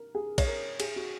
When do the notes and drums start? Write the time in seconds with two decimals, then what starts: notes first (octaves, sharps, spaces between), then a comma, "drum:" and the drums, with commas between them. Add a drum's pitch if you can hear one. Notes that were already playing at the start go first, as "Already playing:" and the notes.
Already playing: A#4
0.15 G#4
0.38 C#5, drum: kick A#1, cymbal
0.48 A#4
0.80 G#4, drum: cymbal
0.96 F#4